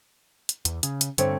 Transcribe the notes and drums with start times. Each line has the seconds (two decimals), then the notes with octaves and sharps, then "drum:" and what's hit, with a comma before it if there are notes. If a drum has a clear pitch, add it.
0.49 drum: hi-hat
0.65 E2, drum: hi-hat
0.83 C#3, drum: hi-hat
1.01 drum: hi-hat
1.18 G2 D3 A3 C4 C#5, drum: hi-hat